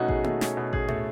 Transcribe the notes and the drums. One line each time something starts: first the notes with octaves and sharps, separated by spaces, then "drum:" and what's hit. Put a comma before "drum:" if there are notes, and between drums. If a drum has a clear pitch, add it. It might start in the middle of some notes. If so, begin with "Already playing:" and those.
Already playing: B2 A3 C#4 D#4 F#4
G#4, drum: kick A1
A3, drum: tom A#3
C#4, drum: snare
B2
G#4, drum: kick A1
A3, drum: tom A2